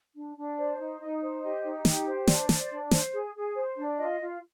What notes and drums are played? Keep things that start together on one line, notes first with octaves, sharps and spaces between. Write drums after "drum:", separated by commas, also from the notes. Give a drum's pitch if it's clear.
D4
D4
C5 D5
D#4
D#4 D#5
C5
G4 D#5
D#4
G4, drum: snare
C5
D4 D5, drum: snare
C5, drum: snare
D4
C5, drum: snare
G#4
G#4
C5
D4
F4 D#5
F4